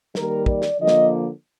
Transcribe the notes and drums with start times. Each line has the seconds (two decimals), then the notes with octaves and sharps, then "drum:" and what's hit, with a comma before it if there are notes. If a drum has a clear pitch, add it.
0.15 D#3 G3 A#3 A#4, drum: snare
0.46 D5, drum: kick
0.62 drum: snare
0.78 D3 F3 A#3 D#5
0.88 drum: snare